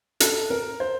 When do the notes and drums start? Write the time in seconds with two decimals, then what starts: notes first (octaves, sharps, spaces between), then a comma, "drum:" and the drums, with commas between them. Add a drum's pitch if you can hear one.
0.20 A4, drum: hi-hat
0.50 A#4
0.80 C5